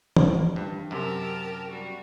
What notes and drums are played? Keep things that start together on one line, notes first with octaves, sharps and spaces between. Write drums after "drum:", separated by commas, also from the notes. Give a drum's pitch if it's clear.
drum: tom
G2
F#2 C3 G4 A#4 A5
G3 F#4